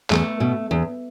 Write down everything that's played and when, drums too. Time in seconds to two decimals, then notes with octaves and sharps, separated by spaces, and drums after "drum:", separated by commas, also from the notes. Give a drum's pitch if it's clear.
0.10 E2 A3, drum: clap
0.40 B2
0.71 E2